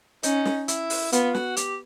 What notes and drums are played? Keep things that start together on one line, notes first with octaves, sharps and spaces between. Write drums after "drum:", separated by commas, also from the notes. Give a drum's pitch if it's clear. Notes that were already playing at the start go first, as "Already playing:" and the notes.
C#4 D#4, drum: hi-hat
drum: snare
E4, drum: hi-hat
drum: open hi-hat
B3 F4, drum: hi-hat
F#4, drum: snare
G4, drum: hi-hat